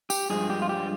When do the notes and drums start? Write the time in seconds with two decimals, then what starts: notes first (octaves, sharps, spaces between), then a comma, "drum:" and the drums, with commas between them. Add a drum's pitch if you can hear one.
0.10 G4, drum: tambourine
0.30 G2 F3 G#3 G#4
0.50 G4
0.62 F4
0.69 G4